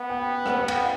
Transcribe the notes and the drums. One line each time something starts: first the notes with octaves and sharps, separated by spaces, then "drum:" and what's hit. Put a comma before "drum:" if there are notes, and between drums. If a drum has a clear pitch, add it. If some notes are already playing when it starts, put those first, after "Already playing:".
Already playing: B3 F#5
G5
F#5, drum: rim click
G5
F#5, drum: cymbal
F5